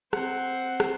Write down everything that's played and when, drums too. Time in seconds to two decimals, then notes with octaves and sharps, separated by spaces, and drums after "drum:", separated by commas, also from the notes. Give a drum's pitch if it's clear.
0.13 C4 C5 F#5, drum: rim click
0.80 drum: rim click